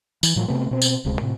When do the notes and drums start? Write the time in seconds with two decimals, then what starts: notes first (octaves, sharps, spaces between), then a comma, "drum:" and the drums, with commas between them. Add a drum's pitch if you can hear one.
0.23 E3, drum: tambourine
0.36 A2 F3 F#3
0.48 C3 A3 B3
0.71 B2 C4
0.82 drum: tambourine
1.05 D1 C#2 C3 G#3
1.21 A2 C3